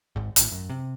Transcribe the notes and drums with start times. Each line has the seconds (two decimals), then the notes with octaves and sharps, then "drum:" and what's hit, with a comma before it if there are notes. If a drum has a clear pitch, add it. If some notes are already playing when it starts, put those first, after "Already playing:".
0.16 G#1 G#2
0.36 G#1 A2, drum: hi-hat
0.52 F#2
0.70 C3